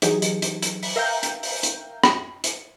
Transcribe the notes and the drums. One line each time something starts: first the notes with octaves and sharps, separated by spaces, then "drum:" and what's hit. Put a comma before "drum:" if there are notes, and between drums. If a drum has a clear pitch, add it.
E3 F#3 D#4 G4 G#4, drum: hi-hat
drum: hi-hat
drum: hi-hat
drum: hi-hat
drum: open hi-hat
A#4 E5 F5 G5 A#5 G6
drum: hi-hat
drum: open hi-hat
drum: hi-hat
drum: rim click
drum: hi-hat